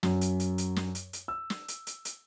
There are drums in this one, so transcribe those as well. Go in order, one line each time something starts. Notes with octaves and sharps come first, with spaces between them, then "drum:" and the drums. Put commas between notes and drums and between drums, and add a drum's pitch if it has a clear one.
F#2, drum: snare
drum: hi-hat
drum: hi-hat
drum: hi-hat
drum: snare
drum: hi-hat
drum: hi-hat
E6
drum: snare
drum: hi-hat
drum: hi-hat
drum: hi-hat